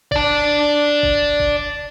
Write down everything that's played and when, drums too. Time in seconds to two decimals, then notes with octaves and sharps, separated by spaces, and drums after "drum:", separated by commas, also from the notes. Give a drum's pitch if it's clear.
0.12 D5 A5, drum: kick
1.03 drum: kick
1.40 drum: kick